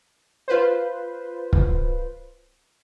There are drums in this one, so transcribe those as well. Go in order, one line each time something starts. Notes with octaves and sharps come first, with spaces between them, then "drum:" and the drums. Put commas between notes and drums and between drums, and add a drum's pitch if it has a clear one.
F4 B4 C5
drum: kick